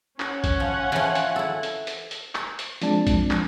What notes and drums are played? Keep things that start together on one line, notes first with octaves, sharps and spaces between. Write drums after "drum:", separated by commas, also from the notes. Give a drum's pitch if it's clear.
C#4 F#5, drum: clap
drum: kick, hi-hat
F3
E3 F3, drum: hi-hat
drum: hi-hat
E4 A4
drum: hi-hat
drum: hi-hat
drum: hi-hat
drum: clap
drum: hi-hat
F3 G#3 C4 D4 D5 A5, drum: hi-hat
drum: kick, hi-hat
drum: clap